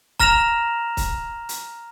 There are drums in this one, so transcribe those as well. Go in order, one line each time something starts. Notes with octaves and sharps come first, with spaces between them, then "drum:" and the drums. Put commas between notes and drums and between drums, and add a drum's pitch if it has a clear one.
A#5 F6 A#6 E7 F7, drum: kick C#1
drum: kick C#1, hi-hat
drum: hi-hat